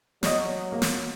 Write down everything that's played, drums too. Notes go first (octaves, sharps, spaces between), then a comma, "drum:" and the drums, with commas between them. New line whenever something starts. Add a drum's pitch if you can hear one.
F#3 C#5 D#5, drum: snare
A#3
drum: snare